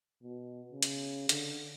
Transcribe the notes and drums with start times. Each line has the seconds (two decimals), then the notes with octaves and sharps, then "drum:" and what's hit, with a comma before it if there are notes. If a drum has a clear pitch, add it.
0.23 B2
0.72 C#3
0.82 drum: hi-hat
1.29 D3, drum: hi-hat